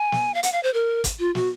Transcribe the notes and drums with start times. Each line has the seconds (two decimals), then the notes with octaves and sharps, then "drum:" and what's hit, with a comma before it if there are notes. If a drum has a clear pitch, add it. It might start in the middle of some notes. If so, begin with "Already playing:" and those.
Already playing: G#5
0.12 drum: snare
0.34 F5
0.43 F#5, drum: hi-hat
0.53 F5
0.63 C5
0.74 A#4
1.04 drum: kick, hi-hat
1.19 F4
1.35 F#4, drum: snare